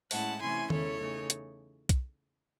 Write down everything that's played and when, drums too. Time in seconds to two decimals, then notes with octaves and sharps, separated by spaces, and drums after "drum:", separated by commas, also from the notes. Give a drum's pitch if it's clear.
0.11 A2 G#3 C#4 E4 F#5 A5, drum: open hi-hat
0.40 C3 E3 A3 C#4 E4 G#5 C6
0.70 E2 C#3 G#3 C#4 E4 A4 C#5, drum: tom D#3
1.00 C#3 E3 A3 D#4
1.30 drum: hi-hat
1.89 drum: kick B1, hi-hat